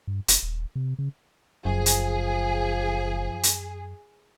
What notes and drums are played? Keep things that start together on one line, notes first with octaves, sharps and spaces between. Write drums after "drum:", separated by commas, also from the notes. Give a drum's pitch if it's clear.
G2
F1, drum: hi-hat
D#1
C3
C#3
F#1 F#2 F3 G#4
drum: hi-hat
drum: hi-hat